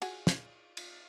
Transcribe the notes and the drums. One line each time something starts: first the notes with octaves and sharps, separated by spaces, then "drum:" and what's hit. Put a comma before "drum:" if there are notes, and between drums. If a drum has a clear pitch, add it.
F#4 G#4, drum: cymbal
drum: snare
drum: cymbal